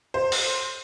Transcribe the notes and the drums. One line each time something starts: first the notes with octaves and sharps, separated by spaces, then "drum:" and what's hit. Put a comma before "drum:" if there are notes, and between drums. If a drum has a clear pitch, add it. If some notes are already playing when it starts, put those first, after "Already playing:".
C5
drum: open hi-hat